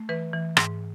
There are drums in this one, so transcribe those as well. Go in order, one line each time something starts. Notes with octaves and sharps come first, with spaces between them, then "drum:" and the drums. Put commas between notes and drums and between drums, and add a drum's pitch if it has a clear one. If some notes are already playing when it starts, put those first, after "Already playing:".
Already playing: A3
E3 B4
E3
G#2, drum: rim click